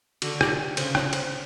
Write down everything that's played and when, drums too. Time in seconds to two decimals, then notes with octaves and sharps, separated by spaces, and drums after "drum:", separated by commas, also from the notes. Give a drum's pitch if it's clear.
0.22 D3 F#4, drum: cymbal
0.41 G4, drum: rim click
0.77 C#3 C5, drum: cymbal
0.95 C#5, drum: rim click
1.13 C5, drum: cymbal